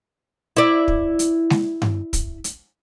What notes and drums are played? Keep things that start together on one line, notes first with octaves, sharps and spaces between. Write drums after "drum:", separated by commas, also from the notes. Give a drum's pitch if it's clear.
E4 D5
drum: kick
drum: hi-hat
drum: snare G#3
drum: tom G2
drum: kick, hi-hat
drum: hi-hat